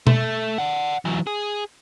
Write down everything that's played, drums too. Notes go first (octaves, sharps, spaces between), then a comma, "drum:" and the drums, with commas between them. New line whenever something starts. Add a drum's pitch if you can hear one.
A3, drum: tom B2
D5 F#5
E3 F#3
G#4